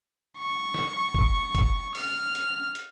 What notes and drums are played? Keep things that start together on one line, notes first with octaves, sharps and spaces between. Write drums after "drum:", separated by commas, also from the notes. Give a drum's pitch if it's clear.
C#6
drum: snare
drum: kick
drum: kick, hi-hat
F6, drum: open hi-hat
drum: hi-hat
drum: hi-hat